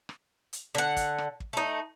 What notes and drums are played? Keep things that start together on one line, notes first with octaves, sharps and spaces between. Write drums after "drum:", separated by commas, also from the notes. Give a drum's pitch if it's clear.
drum: rim click
drum: hi-hat
D3 F#5
drum: kick, hi-hat
drum: rim click
drum: kick
A3 D#4